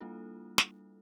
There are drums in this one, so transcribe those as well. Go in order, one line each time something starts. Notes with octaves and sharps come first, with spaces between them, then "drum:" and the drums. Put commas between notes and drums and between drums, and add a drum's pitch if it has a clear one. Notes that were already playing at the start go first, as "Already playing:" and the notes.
G3 A#3 D4 E4 F4 A4
drum: snare